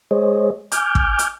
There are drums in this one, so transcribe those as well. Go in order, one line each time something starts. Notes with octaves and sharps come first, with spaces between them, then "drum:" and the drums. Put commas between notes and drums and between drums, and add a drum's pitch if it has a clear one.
G#3 G#4 C5 C#5 D#5
G#5 D6 F6 G6, drum: hi-hat
drum: kick
drum: hi-hat